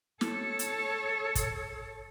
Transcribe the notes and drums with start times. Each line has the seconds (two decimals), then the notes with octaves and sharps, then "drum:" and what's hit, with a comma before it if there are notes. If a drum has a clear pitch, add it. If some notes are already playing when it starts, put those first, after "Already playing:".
0.21 A4 C#5, drum: snare
0.59 drum: hi-hat
1.35 drum: kick, hi-hat